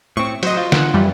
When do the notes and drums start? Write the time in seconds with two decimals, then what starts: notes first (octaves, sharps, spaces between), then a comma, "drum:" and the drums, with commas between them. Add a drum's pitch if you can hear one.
0.17 A2 C4 C#6
0.43 F#3 C5 D#5, drum: cymbal
0.57 F4
0.72 F#5, drum: snare
0.94 F#2 E3 G3